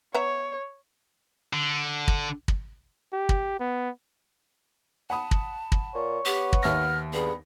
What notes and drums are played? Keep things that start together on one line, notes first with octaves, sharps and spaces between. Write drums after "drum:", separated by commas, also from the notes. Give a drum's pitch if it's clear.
B3 C#5 E5 A#5
D3
drum: kick
drum: kick
G4
drum: kick
B3
F#5 A5 B5 D#6
drum: kick
drum: kick
A#2 C#5
B3 G4
drum: kick
D#2 E5 F6 A#6
G2 B3 G#4